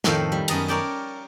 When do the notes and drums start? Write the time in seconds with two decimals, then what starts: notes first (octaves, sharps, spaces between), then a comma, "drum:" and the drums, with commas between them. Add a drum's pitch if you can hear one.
0.04 F2 A2 D#3 A4 F5 G5, drum: snare
0.32 G3
0.48 F#2 B3 D#5 A5 A#5, drum: cymbal
0.68 A#4 C#5 D5 G5 A5